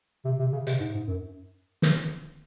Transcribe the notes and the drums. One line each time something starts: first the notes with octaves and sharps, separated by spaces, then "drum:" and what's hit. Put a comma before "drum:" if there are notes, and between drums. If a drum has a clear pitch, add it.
C3
C3
C#3
C3, drum: hi-hat
G#2
G#2
F#2
drum: snare